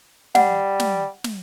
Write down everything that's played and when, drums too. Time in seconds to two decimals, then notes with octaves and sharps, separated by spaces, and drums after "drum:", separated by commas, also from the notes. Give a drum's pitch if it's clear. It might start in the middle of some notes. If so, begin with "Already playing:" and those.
0.35 G3 F#5, drum: snare
0.80 drum: snare
1.24 drum: snare